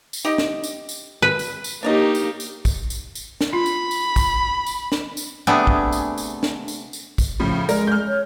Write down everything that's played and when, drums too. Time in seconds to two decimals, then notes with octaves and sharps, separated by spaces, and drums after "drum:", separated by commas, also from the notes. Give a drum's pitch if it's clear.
0.13 drum: tambourine
0.25 D#4 G4 D#5
0.38 drum: snare
0.64 drum: tambourine
0.89 drum: tambourine
1.22 B4
1.39 drum: tambourine
1.64 drum: tambourine
1.83 A#3 D4 D#4 G4 C#5 D#5
2.15 drum: tambourine
2.40 drum: tambourine
2.65 drum: kick, tambourine
2.90 drum: tambourine
3.15 drum: tambourine
3.41 drum: snare
3.53 F4 B5
3.66 drum: tambourine
3.91 drum: tambourine
4.16 drum: kick, tambourine
4.67 drum: tambourine
4.92 drum: snare
5.17 drum: tambourine
5.47 C3 A3 B3 D4 G#4
5.67 drum: kick
5.92 drum: tambourine
6.18 drum: tambourine
6.43 drum: snare
6.68 drum: tambourine
6.93 drum: tambourine
7.18 drum: kick, tambourine
7.40 A2 C#3 F3
7.69 G#3 A#4, drum: tambourine
7.87 F6 G6
8.08 C#5